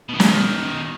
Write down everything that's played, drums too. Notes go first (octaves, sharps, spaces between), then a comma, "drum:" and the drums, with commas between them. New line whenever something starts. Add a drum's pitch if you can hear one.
B2 D#3
drum: snare